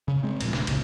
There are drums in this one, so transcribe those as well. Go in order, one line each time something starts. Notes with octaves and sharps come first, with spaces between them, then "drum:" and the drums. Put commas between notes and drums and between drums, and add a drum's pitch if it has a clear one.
C#3
G#3 C4
D#1 A#2 F3, drum: cymbal
D#1, drum: snare
C2 A2 C#3, drum: cymbal